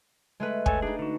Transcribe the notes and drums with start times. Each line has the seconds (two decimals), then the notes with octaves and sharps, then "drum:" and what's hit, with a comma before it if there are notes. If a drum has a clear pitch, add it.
0.40 G#3 A3 B4
0.66 A4 C#5 G#5, drum: kick
0.82 D4 D#4 G#4
0.99 D3 F#4